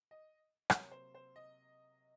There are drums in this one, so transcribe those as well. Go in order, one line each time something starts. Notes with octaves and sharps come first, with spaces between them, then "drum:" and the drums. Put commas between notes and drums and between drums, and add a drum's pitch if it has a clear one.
D#5
C3 F#3 A#3 C#5, drum: rim click
C5
C5
D#5